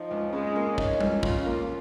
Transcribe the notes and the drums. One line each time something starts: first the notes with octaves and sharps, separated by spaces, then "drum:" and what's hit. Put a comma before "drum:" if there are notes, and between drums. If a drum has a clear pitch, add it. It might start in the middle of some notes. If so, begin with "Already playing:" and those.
Already playing: F3 D#4
C#2
C#3 G#3
A#3
C#4 D#4, drum: kick
C#2, drum: tom G3
C#3 F4, drum: kick
A#3